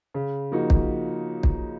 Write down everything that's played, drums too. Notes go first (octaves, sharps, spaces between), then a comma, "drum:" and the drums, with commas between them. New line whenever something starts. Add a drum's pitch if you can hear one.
C#3
F3 A#3 D#4 F#4
drum: kick
drum: kick